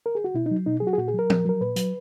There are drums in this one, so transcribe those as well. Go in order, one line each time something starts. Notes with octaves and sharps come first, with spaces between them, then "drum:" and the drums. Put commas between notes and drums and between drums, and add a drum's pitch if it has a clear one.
A#4
G#4
F#4
B2 E4
D#4
F#3
B2 D#4
F#3 G#4
F#4
G#4
A#2 F#4
G#4
F#3
A#4
A#2, drum: tom F3
F#3 A#4
A#2 B4
F#3, drum: hi-hat